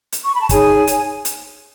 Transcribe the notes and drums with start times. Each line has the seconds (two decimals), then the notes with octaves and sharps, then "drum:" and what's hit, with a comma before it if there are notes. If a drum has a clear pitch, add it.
0.12 drum: hi-hat
0.24 C#6
0.33 B5
0.41 A5
0.49 D#4 G#4 C#5 G#5, drum: kick, hi-hat
0.87 drum: hi-hat
1.25 drum: hi-hat